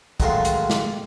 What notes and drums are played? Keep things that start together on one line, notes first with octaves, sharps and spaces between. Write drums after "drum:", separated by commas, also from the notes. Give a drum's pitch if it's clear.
A1 D#3 F#3 G#3 A3 F4, drum: kick, hi-hat
drum: hi-hat
drum: snare